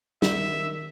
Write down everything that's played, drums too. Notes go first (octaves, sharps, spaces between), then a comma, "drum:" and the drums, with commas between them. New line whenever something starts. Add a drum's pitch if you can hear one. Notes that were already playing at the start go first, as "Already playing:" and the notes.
D#3 E5, drum: snare